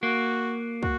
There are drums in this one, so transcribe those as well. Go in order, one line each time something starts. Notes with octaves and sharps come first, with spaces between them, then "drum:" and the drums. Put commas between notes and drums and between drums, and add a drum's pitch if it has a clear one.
A#3 F#4
F#4, drum: kick